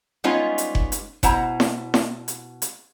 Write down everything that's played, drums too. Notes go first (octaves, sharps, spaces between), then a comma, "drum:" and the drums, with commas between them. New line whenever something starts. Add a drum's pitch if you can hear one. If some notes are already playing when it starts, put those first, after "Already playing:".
G3 G#3 B3 C#4 D#4 F4
drum: hi-hat
drum: kick F#1
drum: hi-hat
B2 E4 C5 F#5 A#5, drum: kick F#1, hi-hat
drum: snare E4
drum: snare E4
drum: hi-hat
drum: hi-hat